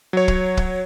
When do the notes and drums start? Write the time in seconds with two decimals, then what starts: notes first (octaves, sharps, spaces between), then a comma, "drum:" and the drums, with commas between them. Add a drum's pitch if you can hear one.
0.13 F#3 C#5
0.28 drum: kick
0.57 drum: kick